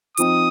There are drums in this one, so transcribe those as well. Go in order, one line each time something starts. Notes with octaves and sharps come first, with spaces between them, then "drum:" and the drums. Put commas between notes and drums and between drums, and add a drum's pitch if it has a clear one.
F3 C4 D#4 D#6, drum: hi-hat